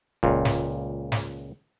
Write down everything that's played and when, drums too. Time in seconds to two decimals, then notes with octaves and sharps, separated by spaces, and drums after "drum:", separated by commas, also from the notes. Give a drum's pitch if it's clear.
0.23 C#2 A#2, drum: kick
0.45 drum: snare
1.12 drum: snare